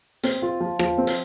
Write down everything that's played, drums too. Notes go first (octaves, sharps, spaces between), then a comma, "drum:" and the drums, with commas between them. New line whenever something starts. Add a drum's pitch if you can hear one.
C4, drum: hi-hat
F4
F3
F3, drum: rim click
C4
drum: hi-hat